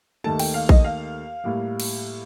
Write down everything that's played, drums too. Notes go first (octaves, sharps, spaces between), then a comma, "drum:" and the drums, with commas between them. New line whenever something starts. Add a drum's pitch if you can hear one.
D#2 D#3 A3 A5
G5, drum: cymbal
F5
D#5, drum: kick A#1
F5
A2 G3 A#3
drum: cymbal